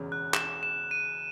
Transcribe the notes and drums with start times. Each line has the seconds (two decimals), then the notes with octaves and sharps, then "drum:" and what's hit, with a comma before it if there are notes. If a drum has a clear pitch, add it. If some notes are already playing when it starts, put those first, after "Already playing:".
Already playing: E1 E2 C#3 C#4
0.12 F#6
0.34 E7, drum: clap
0.63 E7
0.91 D#7